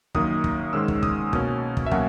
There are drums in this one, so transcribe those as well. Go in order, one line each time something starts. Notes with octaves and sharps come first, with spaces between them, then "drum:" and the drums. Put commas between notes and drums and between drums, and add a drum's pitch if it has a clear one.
F#2 D#3 A#3 D#6, drum: kick
drum: kick
G#2 D#3 G#3 C#4 E6
drum: kick
D#6, drum: kick
B2 A#3 C#4, drum: kick
drum: kick
E5
B2 F#3 A#3 C#4 F#5, drum: kick